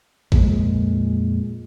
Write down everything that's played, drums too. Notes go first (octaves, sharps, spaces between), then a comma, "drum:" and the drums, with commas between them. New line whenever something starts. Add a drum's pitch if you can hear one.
F2 A#2 G#3, drum: kick A1